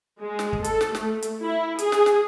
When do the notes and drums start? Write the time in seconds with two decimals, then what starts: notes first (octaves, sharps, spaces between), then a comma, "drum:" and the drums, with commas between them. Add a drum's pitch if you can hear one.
0.21 G#3
0.39 drum: snare
0.53 drum: kick
0.64 A4, drum: hi-hat
0.81 drum: snare
0.95 A3, drum: snare
1.22 drum: hi-hat
1.43 E4
1.79 G#4, drum: hi-hat
1.92 drum: snare
2.06 drum: snare